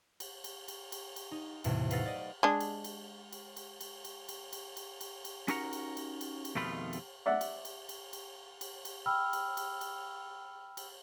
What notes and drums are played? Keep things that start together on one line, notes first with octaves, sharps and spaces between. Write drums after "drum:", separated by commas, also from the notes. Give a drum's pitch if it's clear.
drum: cymbal
drum: cymbal
drum: cymbal
drum: cymbal
drum: cymbal
D#4
B1 E2 A2 C3, drum: cymbal
B4 F5 F#5 E6 A6 A#6, drum: cymbal
D5 D#5
G#3 D4
drum: cymbal
drum: cymbal
drum: cymbal
drum: cymbal
drum: cymbal
drum: cymbal
drum: cymbal
drum: cymbal
drum: cymbal
drum: cymbal
drum: cymbal
C#4 D#4 F#4 A#4 F#5 A#5, drum: cymbal
drum: cymbal
drum: cymbal
drum: cymbal
drum: cymbal
F2 B2 D#3 A3 F4 B5
drum: cymbal
D5 E5 F#5
drum: cymbal
drum: cymbal
drum: cymbal
drum: cymbal
drum: cymbal
drum: cymbal
G5 B5 E6 F6
drum: cymbal
drum: cymbal
drum: cymbal
drum: cymbal